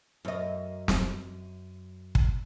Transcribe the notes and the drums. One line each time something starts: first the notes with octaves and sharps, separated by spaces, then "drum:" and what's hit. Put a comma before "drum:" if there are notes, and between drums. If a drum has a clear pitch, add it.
F#2 D#5
drum: snare
drum: kick